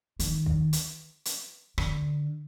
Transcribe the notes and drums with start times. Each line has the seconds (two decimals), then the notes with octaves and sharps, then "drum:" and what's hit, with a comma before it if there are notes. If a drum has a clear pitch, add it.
0.19 D#3, drum: hi-hat
0.46 drum: kick
0.73 drum: hi-hat
1.25 drum: hi-hat
1.78 D3, drum: rim click